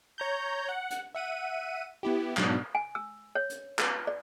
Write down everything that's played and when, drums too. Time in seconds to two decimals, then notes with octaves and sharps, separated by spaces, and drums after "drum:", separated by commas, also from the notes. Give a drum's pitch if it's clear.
0.18 C#5 A#5 G6
0.69 F#5
0.90 drum: hi-hat
1.15 E5 F#5 D#7
2.03 B3 E4 G4
2.37 G#2 B2 F#3 B3 D4, drum: clap
2.75 G#5
2.95 E6
3.35 C#5
3.50 drum: hi-hat
3.79 B4, drum: clap
4.07 D5